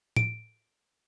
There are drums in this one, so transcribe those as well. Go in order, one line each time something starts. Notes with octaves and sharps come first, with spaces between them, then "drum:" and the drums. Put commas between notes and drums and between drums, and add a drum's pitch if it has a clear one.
D7, drum: tom A2